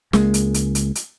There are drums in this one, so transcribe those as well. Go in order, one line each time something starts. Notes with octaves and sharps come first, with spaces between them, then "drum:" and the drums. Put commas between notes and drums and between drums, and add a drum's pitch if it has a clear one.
C#2 G#3 A#3, drum: snare
drum: hi-hat
drum: hi-hat
drum: hi-hat
drum: hi-hat